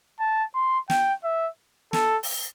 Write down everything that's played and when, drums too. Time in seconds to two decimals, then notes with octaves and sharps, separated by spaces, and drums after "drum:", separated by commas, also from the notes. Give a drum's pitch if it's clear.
0.20 A5
0.54 C6
0.90 G5, drum: snare
1.24 E5
1.93 A4, drum: snare
2.23 drum: open hi-hat